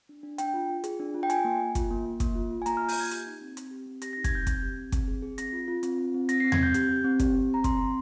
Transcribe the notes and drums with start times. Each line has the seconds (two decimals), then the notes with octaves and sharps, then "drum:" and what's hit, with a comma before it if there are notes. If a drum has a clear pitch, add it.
0.09 D4
0.23 D4
0.38 D4 G5, drum: hi-hat
0.54 F4
0.70 F4
0.84 G#4, drum: hi-hat
1.00 D4
1.14 F4
1.23 G5
1.30 F4 G#5, drum: hi-hat
1.44 A#3
1.60 A#3
1.75 F4, drum: kick, hi-hat
1.91 A#3
2.06 A#3
2.20 A#3, drum: kick, hi-hat
2.36 F4
2.50 F4
2.62 G#5
2.66 A#3 A#5, drum: hi-hat
2.77 F6
2.81 F4
2.88 G6, drum: open hi-hat
2.96 A#3 G#6
3.11 G4, drum: hi-hat
3.26 D#4
3.41 C4
3.57 C4, drum: hi-hat
3.71 G4
3.86 C4
4.02 G4 A#6, drum: hi-hat
4.13 A#6
4.17 D#4
4.24 G#6, drum: kick, hi-hat
4.32 C4 G6
4.47 C4 G#6, drum: kick, hi-hat
4.62 G4
4.77 C4
4.92 C4, drum: kick, hi-hat
5.08 G#4
5.22 G#4
5.38 C4 A#6, drum: hi-hat
5.53 F4
5.68 F4
5.83 C4, drum: hi-hat
5.98 F4
6.14 C4
6.29 C4 A#6, drum: hi-hat
6.40 C7
6.44 C4
6.52 G#6, drum: tom E2
6.58 C4 G6
6.74 G4 G6, drum: hi-hat
6.89 G4
7.04 C4
7.20 G4, drum: kick, hi-hat
7.35 C4
7.50 C4 A#5
7.64 C4 C6, drum: kick, hi-hat
7.79 C4